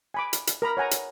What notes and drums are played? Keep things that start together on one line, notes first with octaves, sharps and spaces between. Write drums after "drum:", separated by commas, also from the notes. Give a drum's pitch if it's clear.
G#5 B5 D6
drum: hi-hat
drum: hi-hat
A#4 A#5 B5
C#5 F#5 G#5 A#5
drum: hi-hat